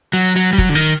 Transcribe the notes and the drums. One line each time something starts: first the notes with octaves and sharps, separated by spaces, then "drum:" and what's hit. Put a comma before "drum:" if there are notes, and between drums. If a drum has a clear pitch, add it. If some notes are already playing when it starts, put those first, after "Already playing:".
F#3
F#3
G3
F#3, drum: kick
D3
D#3